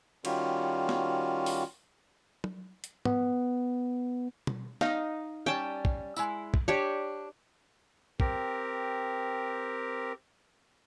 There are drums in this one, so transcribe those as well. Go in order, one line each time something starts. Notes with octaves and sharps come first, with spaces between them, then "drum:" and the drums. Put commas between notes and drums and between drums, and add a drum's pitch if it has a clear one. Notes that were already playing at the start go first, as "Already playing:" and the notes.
D#3 G3 C#4 F4 F#4, drum: cymbal
drum: snare
drum: open hi-hat
drum: tom F#3
drum: hi-hat
B3, drum: tom
drum: tom B2
D#4 D#5 F5, drum: snare
G3 C#4 G5 A5
drum: kick
G#3 E4, drum: tambourine
drum: kick
D4 G4 C#5
C4 G4 A#4, drum: kick